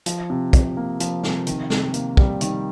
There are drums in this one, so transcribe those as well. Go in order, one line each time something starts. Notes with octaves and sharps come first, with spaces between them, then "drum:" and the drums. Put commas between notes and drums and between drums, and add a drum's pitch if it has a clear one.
F3, drum: hi-hat
C3
C3, drum: kick, hi-hat
A#3
F3, drum: hi-hat
C3, drum: snare
D#3, drum: hi-hat
C3, drum: snare
A#3, drum: hi-hat
G3, drum: kick
D#3, drum: hi-hat